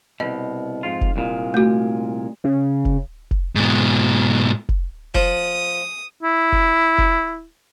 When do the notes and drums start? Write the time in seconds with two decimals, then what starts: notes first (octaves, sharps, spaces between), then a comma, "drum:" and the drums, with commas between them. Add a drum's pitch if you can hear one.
0.20 C2 B2 D#5
0.83 F2 G#2 F4
1.01 drum: kick F1
1.16 C2 A#2 G#3
1.54 A3 F#4
2.44 C#3
2.85 drum: kick F1
3.31 drum: kick F1
3.56 G#2 B2
4.69 drum: kick F1
5.15 F3 D#6, drum: kick F1
6.23 E4
6.52 drum: kick F1
6.98 drum: kick F1